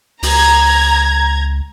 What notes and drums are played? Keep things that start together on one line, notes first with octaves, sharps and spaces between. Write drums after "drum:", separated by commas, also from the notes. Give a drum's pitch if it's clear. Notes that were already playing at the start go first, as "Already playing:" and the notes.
C#2 A#5 G#6, drum: open hi-hat